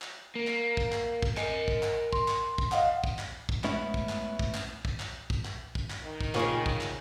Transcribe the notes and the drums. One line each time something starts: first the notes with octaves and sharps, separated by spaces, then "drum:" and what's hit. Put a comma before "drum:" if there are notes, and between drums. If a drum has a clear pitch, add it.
drum: clap
A#3
drum: clap
drum: kick
drum: clap
drum: kick
A#4 D#5 G#5 C#7, drum: clap
drum: kick
drum: clap
C6, drum: kick
drum: clap
drum: kick
D#5 F5 F#5, drum: clap
drum: kick
drum: clap
drum: kick
G#3 A3 B3 C#4 E4, drum: clap
drum: kick
drum: clap
drum: kick
drum: clap
drum: kick
drum: clap
drum: kick
drum: clap
drum: kick
drum: clap
D#3
drum: kick
A#2 C#3 F3 F4 G#4, drum: clap
drum: kick
drum: clap